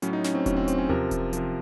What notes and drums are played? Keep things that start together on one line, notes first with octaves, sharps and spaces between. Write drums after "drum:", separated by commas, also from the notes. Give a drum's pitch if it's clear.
A2 F#3 C#4, drum: hi-hat
D#4
C#4, drum: snare
C4
A2 F#3 C#4, drum: kick E1, hi-hat
C4
C4, drum: hi-hat
C#4
C3 F3 A#4, drum: tom D#2
drum: kick E1, hi-hat
C3 F3, drum: hi-hat